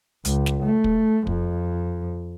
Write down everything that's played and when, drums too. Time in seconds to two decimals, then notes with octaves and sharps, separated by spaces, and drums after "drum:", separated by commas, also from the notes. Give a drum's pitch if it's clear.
0.25 C#2, drum: hi-hat
0.46 drum: snare
0.63 A3
0.84 drum: kick
1.27 F2, drum: kick